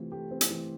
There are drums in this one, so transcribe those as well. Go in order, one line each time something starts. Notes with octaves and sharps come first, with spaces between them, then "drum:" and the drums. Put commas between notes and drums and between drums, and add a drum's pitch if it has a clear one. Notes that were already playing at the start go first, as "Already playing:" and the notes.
Already playing: C3 E3 A3 C4 E4 F4
A3 G4
C4
drum: hi-hat
E3